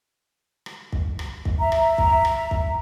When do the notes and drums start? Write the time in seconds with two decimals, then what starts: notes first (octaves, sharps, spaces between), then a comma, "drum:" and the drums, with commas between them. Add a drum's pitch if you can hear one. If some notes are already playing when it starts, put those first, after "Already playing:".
0.66 drum: rim click
0.92 drum: kick
1.19 drum: rim click
1.45 drum: kick
1.59 E5 A#5
1.72 drum: rim click
1.98 drum: kick
2.25 drum: rim click
2.51 drum: kick